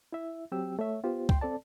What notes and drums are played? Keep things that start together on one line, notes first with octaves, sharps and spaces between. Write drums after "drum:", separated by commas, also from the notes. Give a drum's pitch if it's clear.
E4 E5
F#3 C4 G4 G5 E6
A3 C#5 E5
B3 F4 G4 C5
G5 C6, drum: kick C#2
C4 A4 D5 A5